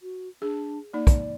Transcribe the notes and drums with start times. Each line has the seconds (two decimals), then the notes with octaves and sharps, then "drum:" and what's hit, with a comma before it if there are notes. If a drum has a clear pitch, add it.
0.02 F#4
0.42 D4 G#4
0.94 A#3 D#4 D5
1.07 drum: kick, hi-hat